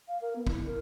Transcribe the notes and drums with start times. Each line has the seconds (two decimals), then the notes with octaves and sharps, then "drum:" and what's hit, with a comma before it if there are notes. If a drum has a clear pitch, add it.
0.07 F5
0.21 A#4
0.35 B3
0.47 E4, drum: kick
0.66 A#4